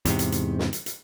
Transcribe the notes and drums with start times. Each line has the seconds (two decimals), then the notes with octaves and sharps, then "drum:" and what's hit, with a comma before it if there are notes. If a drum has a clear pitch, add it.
0.05 E2 G#2 C3, drum: hi-hat
0.19 drum: hi-hat
0.32 drum: hi-hat
0.59 drum: snare
0.73 drum: hi-hat
0.86 drum: hi-hat